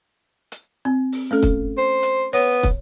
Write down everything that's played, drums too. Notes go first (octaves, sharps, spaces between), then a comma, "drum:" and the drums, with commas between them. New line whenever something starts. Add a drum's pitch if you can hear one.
drum: hi-hat
C4
drum: open hi-hat
A3 C#4 A4
drum: kick, hi-hat
C5
drum: hi-hat
B3 C#5, drum: open hi-hat
drum: kick, hi-hat